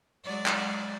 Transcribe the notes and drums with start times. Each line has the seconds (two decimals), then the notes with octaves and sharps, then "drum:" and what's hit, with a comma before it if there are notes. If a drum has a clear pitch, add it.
0.25 F#3 G#3 D5
0.46 drum: clap